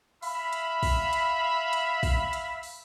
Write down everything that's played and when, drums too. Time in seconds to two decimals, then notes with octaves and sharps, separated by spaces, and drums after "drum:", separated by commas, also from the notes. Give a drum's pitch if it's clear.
0.23 E5 F5 B5, drum: open hi-hat
0.53 drum: hi-hat
0.83 drum: kick, open hi-hat
1.13 drum: hi-hat
1.73 drum: hi-hat
2.03 drum: kick, open hi-hat
2.33 drum: hi-hat
2.63 drum: open hi-hat